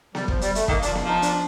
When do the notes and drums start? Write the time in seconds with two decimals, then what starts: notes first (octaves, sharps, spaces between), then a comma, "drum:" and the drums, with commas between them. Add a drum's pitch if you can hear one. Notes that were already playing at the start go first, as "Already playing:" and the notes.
0.15 G3, drum: snare B3
0.28 F3, drum: kick
0.41 G3, drum: hi-hat
0.55 A3, drum: hi-hat
0.68 D#3 A#3, drum: kick
0.82 F3 D4, drum: hi-hat
0.95 drum: snare B3
1.05 F3 D#4
1.22 D4, drum: hi-hat